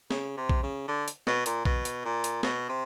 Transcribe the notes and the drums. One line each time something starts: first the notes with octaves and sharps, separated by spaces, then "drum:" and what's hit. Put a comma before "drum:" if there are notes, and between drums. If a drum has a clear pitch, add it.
C#3, drum: snare
C3
drum: kick B1
C#3
D3
drum: hi-hat
B2, drum: snare
A#2, drum: hi-hat
B2, drum: kick B1
drum: hi-hat
A#2
drum: hi-hat
B2, drum: snare
C3